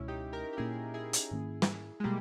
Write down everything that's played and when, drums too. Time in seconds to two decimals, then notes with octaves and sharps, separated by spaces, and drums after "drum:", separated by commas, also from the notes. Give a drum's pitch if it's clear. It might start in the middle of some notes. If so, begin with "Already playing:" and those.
Already playing: C#2 B2 G#3 C#4 E4
0.08 D#4 G4
0.33 G4 A#4
0.53 G4
0.57 A#2 A#3 C#4 E4 G#4
0.94 E4 G#4
1.13 drum: hi-hat
1.31 G#2 D#3 A#3 C#4
1.62 drum: snare
2.00 G#3
2.04 B2 G3 A#3